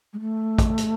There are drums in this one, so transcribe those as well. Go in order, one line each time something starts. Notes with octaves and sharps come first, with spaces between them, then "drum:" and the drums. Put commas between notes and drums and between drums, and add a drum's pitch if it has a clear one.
G#3
A3
drum: kick, hi-hat
drum: hi-hat